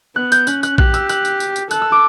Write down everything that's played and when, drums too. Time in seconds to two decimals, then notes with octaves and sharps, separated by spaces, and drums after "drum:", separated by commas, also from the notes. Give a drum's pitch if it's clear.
0.16 B3 F#6
0.32 G6, drum: tambourine
0.47 C#4 F#6, drum: tambourine
0.63 F#6, drum: tambourine
0.78 G4 F#6, drum: kick A#1
0.94 E6, drum: tambourine
1.09 F#6, drum: tambourine
1.25 drum: tambourine
1.40 drum: tambourine
1.56 drum: tambourine
1.71 A4 F#6, drum: tambourine
1.82 E6
1.92 D6